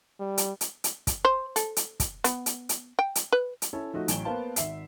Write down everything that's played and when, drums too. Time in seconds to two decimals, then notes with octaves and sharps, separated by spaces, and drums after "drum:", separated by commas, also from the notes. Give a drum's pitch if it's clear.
0.19 G3
0.38 drum: hi-hat
0.61 drum: hi-hat
0.84 drum: hi-hat
1.07 drum: kick, hi-hat
1.25 C5
1.56 A4, drum: hi-hat
1.77 drum: hi-hat
2.00 drum: kick, hi-hat
2.24 B3, drum: hi-hat
2.46 drum: hi-hat
2.69 drum: hi-hat
2.99 G5
3.15 drum: hi-hat
3.32 B4
3.62 drum: hi-hat
3.73 C#4 E4 A4 C#5
3.93 F3 A3 D#4 F#4 D#5
4.08 A1 F#3 G#5 D7 E7 G7, drum: hi-hat
4.25 A#3 B3 B4 C5 F5 A5
4.56 G#1 E5 C7, drum: hi-hat